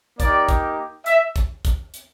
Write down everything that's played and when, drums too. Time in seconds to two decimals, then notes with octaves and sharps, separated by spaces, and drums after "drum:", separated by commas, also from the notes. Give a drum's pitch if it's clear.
0.20 A#3 D#4 G4 D5, drum: kick, hi-hat
0.49 drum: kick, hi-hat
1.06 E5, drum: hi-hat
1.36 drum: kick, hi-hat
1.65 drum: kick, hi-hat
1.94 drum: hi-hat